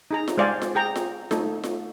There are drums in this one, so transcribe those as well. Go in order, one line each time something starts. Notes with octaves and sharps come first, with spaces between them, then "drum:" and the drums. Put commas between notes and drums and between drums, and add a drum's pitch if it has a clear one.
D#4 G#4 A#5
drum: snare F4
G#3 C5 D5 F5 G#5
drum: snare F4
G#4 G5 A#5
drum: snare F4
A3 D#4 A4, drum: snare F4
drum: snare F4